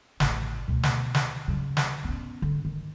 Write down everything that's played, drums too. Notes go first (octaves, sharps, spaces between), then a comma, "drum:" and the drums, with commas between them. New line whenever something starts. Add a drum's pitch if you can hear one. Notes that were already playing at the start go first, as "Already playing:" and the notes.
A1, drum: snare
D2 B2
drum: snare
drum: snare
C#3 F#3
drum: snare
B3 C#4
D3
D#3